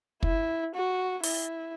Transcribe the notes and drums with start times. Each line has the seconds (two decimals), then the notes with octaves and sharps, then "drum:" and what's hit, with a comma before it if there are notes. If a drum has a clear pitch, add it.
0.23 E4, drum: kick
0.75 F#4
1.23 E4, drum: open hi-hat